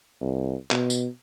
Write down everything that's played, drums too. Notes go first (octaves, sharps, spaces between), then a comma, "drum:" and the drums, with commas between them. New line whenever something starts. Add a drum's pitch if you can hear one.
C2
B2, drum: clap
drum: tambourine